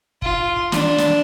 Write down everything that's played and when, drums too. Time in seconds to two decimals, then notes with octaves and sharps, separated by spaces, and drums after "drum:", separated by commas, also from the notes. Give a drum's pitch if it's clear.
0.22 F4, drum: kick
0.72 D4, drum: snare
0.98 drum: snare